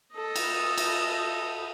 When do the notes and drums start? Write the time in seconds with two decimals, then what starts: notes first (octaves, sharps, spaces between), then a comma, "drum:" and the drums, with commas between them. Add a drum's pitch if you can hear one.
0.15 A4 D#5
0.36 drum: cymbal
0.78 drum: cymbal